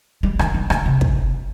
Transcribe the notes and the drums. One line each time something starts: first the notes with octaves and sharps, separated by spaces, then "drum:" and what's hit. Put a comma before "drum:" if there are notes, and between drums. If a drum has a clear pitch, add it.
G3
D#3, drum: rim click
D#3
D3, drum: rim click
C3
drum: kick